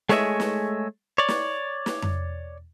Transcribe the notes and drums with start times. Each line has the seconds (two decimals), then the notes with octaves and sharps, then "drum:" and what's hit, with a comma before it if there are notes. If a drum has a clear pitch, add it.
0.09 G#3 A3 G#4 C#5 D#5 E5, drum: snare
0.40 drum: snare
1.18 C#5 D5
1.28 drum: snare
1.86 drum: snare
2.02 drum: tom F2